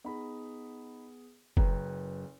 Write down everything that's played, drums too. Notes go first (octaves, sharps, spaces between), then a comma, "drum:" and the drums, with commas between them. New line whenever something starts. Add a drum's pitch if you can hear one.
B3 D#4 G#4 B5
F#1 F#2 B4 G5 A#5, drum: kick F1